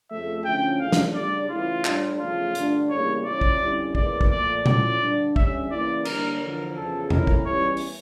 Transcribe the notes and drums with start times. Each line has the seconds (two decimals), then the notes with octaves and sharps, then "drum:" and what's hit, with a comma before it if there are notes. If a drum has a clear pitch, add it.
0.10 F2 C#3 F3 A3 E5
0.45 D3 F3 A3 C#4 E4 G5
0.80 E2 C#3 F3 A3 D4 F5
0.92 drum: snare
1.15 C#3 G3 D4 D5
1.50 C#3 E3 A3 E4 F4
1.85 A2 G3 D4, drum: clap
2.20 E2 C#3 F3 A3 F4
2.55 G2 D3 A3 D4, drum: hi-hat
2.90 E2 C#3 G3 A#3 E4 C#5
3.25 A2 F3 C#4 E4 D5
3.41 drum: kick
3.60 F2 D3 G3 C#4 E4
3.95 E2 C#3 E3 A#3 D5, drum: kick
4.21 drum: kick
4.30 A#2 F3 A3 D5
4.66 A2 F3 C#4 E4 D5, drum: tom A#2
5.01 G2 D3 G3 D4
5.36 E2 D3 G3 C#4 E5, drum: kick
5.70 C#3 E3 A#3 C#4 E4 D5
6.05 D3 G3 A#3 D4 A#4, drum: cymbal
6.40 E2 D3 F3 A#4
6.76 E2 C#3 F3 A4
7.10 A#2 A3 C#4 E4 A#4, drum: tom E2
7.27 drum: kick
7.46 E2 E3 G3 C#4 E4 C#5
7.77 drum: open hi-hat